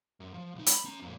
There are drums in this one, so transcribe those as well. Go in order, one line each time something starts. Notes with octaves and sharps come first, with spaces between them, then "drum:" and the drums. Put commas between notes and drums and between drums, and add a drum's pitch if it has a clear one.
F#2
F3
B1 D#4
B5, drum: hi-hat
C#4 A#5
F2 A#2